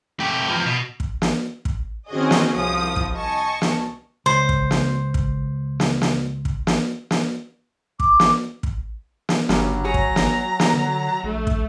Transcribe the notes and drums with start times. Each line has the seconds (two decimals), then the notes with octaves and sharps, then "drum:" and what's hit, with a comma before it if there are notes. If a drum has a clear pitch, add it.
0.20 A3 G4
0.48 E2 F3
0.66 B2
1.00 drum: kick
1.22 drum: snare
1.65 drum: kick
2.09 D#3 C4 C#4 F#4 G#4 D#5
2.31 drum: snare
2.56 C2 F3 D#6
2.96 drum: kick
3.14 D#5 G#5 A5 C#6
3.62 drum: snare
4.26 C#2 C5
4.49 drum: kick
4.71 drum: snare
5.14 drum: kick
5.80 drum: snare
6.02 drum: snare
6.45 drum: kick
6.67 drum: snare
7.11 drum: snare
8.00 D6, drum: kick
8.20 drum: snare
8.63 drum: kick
9.29 drum: snare
9.49 G1 G2 C#3 F#3 G3, drum: snare
9.85 G#4 C#5 A#5
9.94 drum: kick
10.16 drum: snare
10.60 drum: snare
10.74 D3
11.24 A#1 A3
11.47 drum: kick